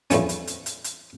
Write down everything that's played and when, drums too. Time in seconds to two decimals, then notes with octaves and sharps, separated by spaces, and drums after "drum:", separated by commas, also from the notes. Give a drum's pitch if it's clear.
0.10 E2 A2 F3 A3 C#4, drum: hi-hat
0.29 drum: hi-hat
0.47 drum: hi-hat
0.66 drum: hi-hat
0.84 drum: hi-hat